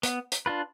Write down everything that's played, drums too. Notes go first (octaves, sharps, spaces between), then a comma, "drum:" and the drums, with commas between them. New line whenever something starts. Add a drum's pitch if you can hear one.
B3, drum: hi-hat
drum: hi-hat
D4 F4 B4